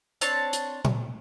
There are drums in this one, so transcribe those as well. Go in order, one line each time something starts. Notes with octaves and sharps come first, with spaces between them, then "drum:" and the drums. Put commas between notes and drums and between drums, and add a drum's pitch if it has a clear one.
C4 D4 C#5 A5, drum: hi-hat
drum: hi-hat
drum: tom A#2